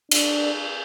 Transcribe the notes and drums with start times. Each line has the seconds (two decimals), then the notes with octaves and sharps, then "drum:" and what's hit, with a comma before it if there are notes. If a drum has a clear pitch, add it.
0.11 D4, drum: cymbal